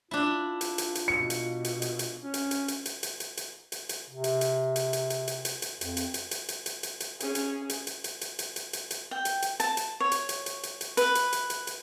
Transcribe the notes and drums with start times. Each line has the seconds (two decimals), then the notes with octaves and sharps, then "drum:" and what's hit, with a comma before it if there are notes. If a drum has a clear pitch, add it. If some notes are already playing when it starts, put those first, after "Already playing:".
0.11 D4 E4 F4
0.61 drum: hi-hat
0.78 drum: hi-hat
0.95 drum: hi-hat
1.08 B2 C#7
1.30 drum: hi-hat
1.65 drum: hi-hat
1.82 drum: hi-hat
1.99 drum: hi-hat
2.23 C#4
2.34 drum: hi-hat
2.51 drum: hi-hat
2.68 drum: hi-hat
2.86 drum: hi-hat
3.03 drum: hi-hat
3.20 drum: hi-hat
3.37 drum: hi-hat
3.72 drum: hi-hat
3.89 drum: hi-hat
4.10 C3
4.24 drum: hi-hat
4.41 drum: hi-hat
4.76 drum: hi-hat
4.93 drum: hi-hat
5.10 drum: hi-hat
5.28 drum: hi-hat
5.45 drum: hi-hat
5.62 drum: hi-hat
5.81 F2, drum: hi-hat
5.97 drum: hi-hat
6.14 drum: hi-hat
6.31 drum: hi-hat
6.49 drum: hi-hat
6.66 drum: hi-hat
6.83 drum: hi-hat
7.00 drum: hi-hat
7.20 C#4 G#4, drum: hi-hat
7.35 drum: hi-hat
7.70 drum: hi-hat
7.87 drum: hi-hat
8.04 drum: hi-hat
8.21 drum: hi-hat
8.39 drum: hi-hat
8.56 drum: hi-hat
8.73 drum: hi-hat
8.91 drum: hi-hat
9.11 G5
9.25 drum: hi-hat
9.42 drum: hi-hat
9.60 A5, drum: hi-hat
9.77 drum: hi-hat
10.00 C#5
10.12 drum: hi-hat
10.29 drum: hi-hat
10.46 drum: hi-hat
10.63 drum: hi-hat
10.81 drum: hi-hat
10.97 B4, drum: hi-hat
11.15 drum: hi-hat
11.33 drum: hi-hat
11.50 drum: hi-hat
11.67 drum: hi-hat